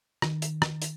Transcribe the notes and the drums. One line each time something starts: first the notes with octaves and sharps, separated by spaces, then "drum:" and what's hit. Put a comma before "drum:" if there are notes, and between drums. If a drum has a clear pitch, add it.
D#3, drum: rim click
drum: hi-hat
drum: rim click
drum: hi-hat